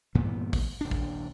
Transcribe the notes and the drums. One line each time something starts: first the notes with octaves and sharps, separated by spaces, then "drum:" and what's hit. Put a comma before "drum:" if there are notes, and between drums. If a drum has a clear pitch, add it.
G2 A#2 E3 B3
drum: kick, open hi-hat
D#1 D4
drum: kick